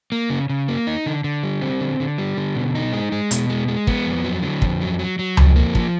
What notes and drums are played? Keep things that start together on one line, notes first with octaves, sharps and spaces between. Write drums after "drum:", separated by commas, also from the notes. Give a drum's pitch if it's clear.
A#3
C#3
C#3
A#3
D#4
D3
D3
G3
C4
D3
D3
G3
D3
B2
D#4
G#3
G#3
B2, drum: hi-hat
G#3
G#3
B3, drum: kick
F2
F#3
D3
F2, drum: kick
F#3
F#3
F#3
F2, drum: tom C#2
A#3
F3, drum: kick